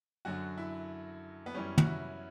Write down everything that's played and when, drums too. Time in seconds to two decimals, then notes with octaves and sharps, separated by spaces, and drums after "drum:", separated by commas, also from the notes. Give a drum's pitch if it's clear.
0.25 F#2 D3 F#3 F#4
0.58 E4
1.46 B3
1.55 F#2 E3 G3 C#4
1.78 F#4, drum: tom
1.87 E4